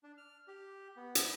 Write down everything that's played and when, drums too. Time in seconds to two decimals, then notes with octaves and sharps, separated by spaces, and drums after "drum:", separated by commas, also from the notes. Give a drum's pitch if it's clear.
0.03 D4
0.17 F6
0.48 G4
0.97 B3
1.15 drum: hi-hat